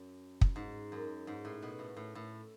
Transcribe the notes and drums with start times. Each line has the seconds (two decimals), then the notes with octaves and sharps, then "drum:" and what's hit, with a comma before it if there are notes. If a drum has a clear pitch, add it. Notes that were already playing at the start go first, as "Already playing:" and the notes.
Already playing: F#2
0.41 drum: kick
0.56 G#2
0.92 F#2
1.27 G#2
1.45 A2
1.62 B2
1.79 A2
1.97 A2
2.15 A2